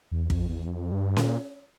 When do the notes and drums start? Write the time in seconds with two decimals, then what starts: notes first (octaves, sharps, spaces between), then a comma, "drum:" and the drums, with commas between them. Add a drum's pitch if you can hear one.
0.11 E2
0.30 F2, drum: kick
0.49 E2
0.67 F2
0.92 G2
1.17 A#2, drum: snare C#4